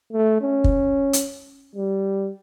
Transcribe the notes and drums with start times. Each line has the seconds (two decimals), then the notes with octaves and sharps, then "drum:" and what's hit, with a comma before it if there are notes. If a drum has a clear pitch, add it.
0.13 A3
0.42 C#4
0.64 drum: kick
1.13 drum: hi-hat
1.76 G3